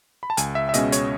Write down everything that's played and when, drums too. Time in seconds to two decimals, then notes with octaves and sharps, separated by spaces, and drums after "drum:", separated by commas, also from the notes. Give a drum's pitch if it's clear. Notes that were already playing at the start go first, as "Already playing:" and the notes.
0.23 B5
0.30 A5
0.37 C#2 G#5, drum: hi-hat
0.55 E5
0.69 E5
0.74 B2 G#3 C#4 D#5, drum: hi-hat
0.92 C#5, drum: hi-hat